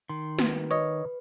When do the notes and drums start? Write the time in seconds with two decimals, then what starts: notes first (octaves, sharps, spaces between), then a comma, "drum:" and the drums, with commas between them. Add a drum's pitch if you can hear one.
0.09 D#3 C6
0.39 F#4 B4, drum: snare
0.71 B4 C#5 D#5